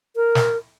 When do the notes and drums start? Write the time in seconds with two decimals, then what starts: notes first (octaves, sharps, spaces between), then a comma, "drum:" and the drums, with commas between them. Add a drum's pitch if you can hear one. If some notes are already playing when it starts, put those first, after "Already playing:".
0.16 A#4
0.35 drum: snare